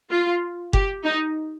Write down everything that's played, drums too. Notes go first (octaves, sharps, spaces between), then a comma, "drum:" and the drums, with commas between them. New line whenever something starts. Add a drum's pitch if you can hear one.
F4
G4, drum: kick F#1
D#4